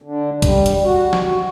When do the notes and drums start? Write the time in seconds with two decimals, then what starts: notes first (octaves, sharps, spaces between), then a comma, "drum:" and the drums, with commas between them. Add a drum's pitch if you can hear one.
0.02 D3
0.42 G3, drum: kick, hi-hat
0.66 drum: hi-hat
0.84 F#4
1.13 drum: snare